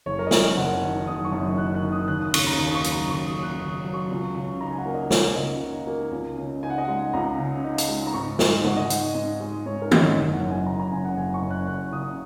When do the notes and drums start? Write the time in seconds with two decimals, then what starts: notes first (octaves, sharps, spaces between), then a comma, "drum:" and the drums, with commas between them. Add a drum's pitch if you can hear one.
0.06 F#1 C#5
0.19 A#4
0.27 D#5
0.31 F#2 C#5, drum: snare
0.44 D#5
0.57 F#1 F#5
0.82 D#3
1.07 F#1 D#6
1.25 C#6
1.32 F#2
1.57 F#1 F#6
1.75 F#6
1.83 D#3
1.92 D#6
2.08 D#2 F#6
2.21 D#6
2.34 C#3 C#6, drum: cymbal
2.47 A#5
2.59 D#2 C#6
2.70 D#6
2.75 C#6
2.84 F#3, drum: hi-hat
2.92 A#5
3.09 D#2 C#6
3.26 D#6
3.34 C#3
3.43 F#6
3.60 D#2 D#6
3.85 F#3
3.94 C#6
4.11 C#2
4.36 C#3
4.61 D#4 A#5
4.71 G#5
4.78 F#5
4.86 A#3
4.94 D#5
5.11 C#2 C#5, drum: snare
5.31 C#5
5.36 C#3 D#5
5.62 D#4
5.87 A#3
6.12 C#2
6.37 C#3
6.63 D#4 G#5
6.70 F#5
6.78 D#5
6.85 G#3 F#5
7.13 C#2 A#5
7.38 C#3
7.64 D#4
7.78 drum: hi-hat
7.88 G#3
8.07 A#5
8.14 G#2 C#6
8.39 G#3 G#5, drum: snare
8.64 G#2 F#5, drum: tom C#3
8.77 D#5
8.90 D#4 F#5, drum: hi-hat
9.02 F#5
9.15 G#2
9.40 G#3
9.66 G#2 C#5
9.82 A#4
9.91 D#4, drum: tom
10.00 C#5
10.17 F#1 D#5
10.33 F#5
10.41 F#2
10.50 G#5
10.66 F#1 A#5
10.80 A#5
10.91 C#3 G#5
11.04 F#5
11.17 F#1 G#5
11.34 C#6
11.42 F#2
11.51 F#6
11.67 F#1 F#6
11.92 C#3 D#6